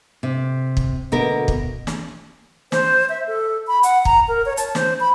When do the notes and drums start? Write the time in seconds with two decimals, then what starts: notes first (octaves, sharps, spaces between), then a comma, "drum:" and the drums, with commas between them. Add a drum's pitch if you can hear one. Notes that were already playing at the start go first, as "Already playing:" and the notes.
0.23 C3
0.77 drum: kick
1.12 D2 B2 A#4
1.48 drum: kick
1.87 drum: snare
2.72 C5, drum: snare
3.09 E5
3.27 A4
3.67 B5
3.83 F#5, drum: hi-hat
4.05 A#5, drum: kick
4.28 A#4
4.46 C#5
4.57 A5, drum: hi-hat
4.75 C5, drum: snare
5.00 B5